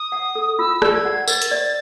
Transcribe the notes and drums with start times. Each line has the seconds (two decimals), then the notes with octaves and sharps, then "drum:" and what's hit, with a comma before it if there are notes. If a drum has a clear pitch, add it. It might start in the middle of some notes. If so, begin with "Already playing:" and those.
Already playing: D#6
0.12 F#5
0.35 A4
0.59 F4 E6
0.82 D5, drum: rim click
0.94 G#6
1.05 F#5
1.28 A#4 A6, drum: tambourine
1.42 drum: hi-hat
1.51 D5